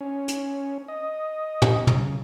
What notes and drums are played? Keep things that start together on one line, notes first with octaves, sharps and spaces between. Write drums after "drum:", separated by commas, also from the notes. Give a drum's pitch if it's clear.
C#4
drum: hi-hat
D#5
drum: tom
C#3, drum: tom